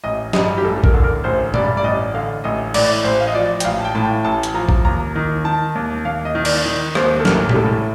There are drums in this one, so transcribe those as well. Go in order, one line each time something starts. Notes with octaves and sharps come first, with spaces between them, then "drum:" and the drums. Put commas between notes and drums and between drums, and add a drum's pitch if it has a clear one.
A1 D#5
G2 D#5, drum: snare
G4
A1 A4
A#4, drum: kick A#1
D3
A#4
A1 C5
G2 D5, drum: tom B2
D5
A1 D#5
D3 F5
A1 D#5
A2 D5, drum: cymbal
A1 C5
F5
D#5
F3 D5
G5, drum: hi-hat
A1 F5
A5
G5
A2 A5
G5
A1 A5
drum: hi-hat
F3 A#5
drum: kick A#1
D#2 A#5
D#3
D#3 A5
D#2
D#2 F5
D#5
D#3
D5, drum: cymbal
D#3
D#2 C5, drum: rim click
A4
A1 A#4, drum: snare
G4, drum: tom B2
A2 A4